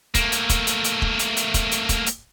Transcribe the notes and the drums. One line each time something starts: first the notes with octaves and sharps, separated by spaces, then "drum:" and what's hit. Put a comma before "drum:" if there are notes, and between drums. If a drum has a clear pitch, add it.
A3 A#3, drum: kick, hi-hat
drum: hi-hat
drum: kick, hi-hat
drum: hi-hat
drum: hi-hat
drum: kick
drum: hi-hat
drum: hi-hat
drum: kick, hi-hat
drum: hi-hat
drum: kick, hi-hat
drum: hi-hat